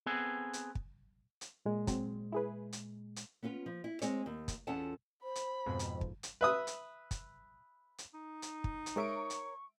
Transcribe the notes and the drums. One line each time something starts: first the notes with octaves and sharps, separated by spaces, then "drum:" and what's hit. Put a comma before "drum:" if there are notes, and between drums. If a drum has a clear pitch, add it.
B3 C4 G#4 A4 B4
drum: hi-hat
drum: kick
drum: hi-hat
A#2 G#3
F#3 C4, drum: kick, hi-hat
E4 G#4 B4
drum: hi-hat
drum: hi-hat
B3 C#4 F4 B4
F3
E4
G#3 C4 G#4 C#5, drum: hi-hat
D#2
drum: kick, hi-hat
E2 C#4 F4 A4 F#5 A5
C5 B5
drum: hi-hat
F2 G#2 B2
drum: hi-hat
drum: kick
drum: hi-hat
B4 E5 D#6
drum: hi-hat
drum: kick, hi-hat
drum: hi-hat
D#4
drum: hi-hat
drum: kick
drum: hi-hat
G#3 A#4 C#5 E5 C#6 D7
drum: hi-hat